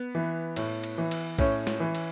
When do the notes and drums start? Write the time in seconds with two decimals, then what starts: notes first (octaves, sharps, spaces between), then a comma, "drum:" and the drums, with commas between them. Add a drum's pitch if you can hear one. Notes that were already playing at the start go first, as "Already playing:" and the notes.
Already playing: B3
0.15 E3
0.56 A2, drum: cymbal
0.84 drum: cymbal
0.98 E3
1.11 drum: cymbal
1.39 A2 C#4, drum: kick, cymbal
1.67 drum: snare
1.80 E3
1.95 drum: cymbal